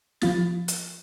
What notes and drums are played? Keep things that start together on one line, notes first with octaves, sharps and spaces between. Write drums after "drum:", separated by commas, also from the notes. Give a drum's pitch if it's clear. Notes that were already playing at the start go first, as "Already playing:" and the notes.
F3 F4 A6, drum: snare
drum: hi-hat